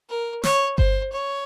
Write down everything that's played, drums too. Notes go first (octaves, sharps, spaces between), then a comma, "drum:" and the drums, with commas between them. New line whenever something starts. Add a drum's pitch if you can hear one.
A#4
C#5, drum: snare
C5, drum: kick G1
C#5